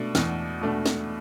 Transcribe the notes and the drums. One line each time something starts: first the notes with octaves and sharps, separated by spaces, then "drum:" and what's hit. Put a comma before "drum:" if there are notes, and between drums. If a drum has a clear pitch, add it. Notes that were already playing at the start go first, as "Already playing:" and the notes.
Already playing: B2 A3 D4
E2, drum: snare
B2 A3 D4
drum: snare